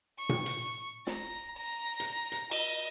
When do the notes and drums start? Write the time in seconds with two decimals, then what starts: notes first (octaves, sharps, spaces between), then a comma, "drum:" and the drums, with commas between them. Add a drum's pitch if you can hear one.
0.18 C#6
0.29 drum: tom A#2
0.46 drum: hi-hat
1.07 A#5, drum: snare
1.57 A#5
2.00 drum: hi-hat
2.32 drum: hi-hat
2.51 D#5, drum: cymbal